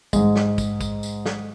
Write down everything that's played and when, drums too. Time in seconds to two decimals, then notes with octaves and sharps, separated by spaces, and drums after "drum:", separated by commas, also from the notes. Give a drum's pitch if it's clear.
0.13 G#2 G#3, drum: kick, tambourine
0.36 drum: snare
0.58 drum: kick, tambourine
0.81 drum: kick, tambourine
1.03 drum: tambourine
1.26 drum: snare